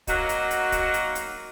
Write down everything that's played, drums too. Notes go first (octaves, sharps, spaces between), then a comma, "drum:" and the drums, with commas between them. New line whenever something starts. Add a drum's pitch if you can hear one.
F#3 A#3 D#4 F#4, drum: kick, hi-hat
drum: hi-hat
drum: hi-hat
drum: kick, hi-hat
drum: hi-hat
drum: hi-hat